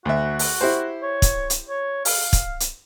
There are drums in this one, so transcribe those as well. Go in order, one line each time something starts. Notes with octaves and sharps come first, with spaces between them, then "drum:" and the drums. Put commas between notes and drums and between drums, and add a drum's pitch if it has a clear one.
D2 F#4 E5
drum: open hi-hat
E4 G4 C5
C#5
drum: kick, hi-hat
drum: hi-hat
C#5
F5, drum: open hi-hat
drum: kick, hi-hat
drum: hi-hat